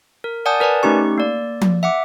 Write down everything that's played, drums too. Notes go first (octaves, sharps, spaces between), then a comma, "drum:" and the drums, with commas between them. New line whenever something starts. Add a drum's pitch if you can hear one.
A#4
D5 F#5 G#5 A5 D#6 G6
A#4 B4 D5 G#5 A5
A3 C#4 D#4 G4 C#6
A#3 D5
drum: tom F3
E5 F#5 D6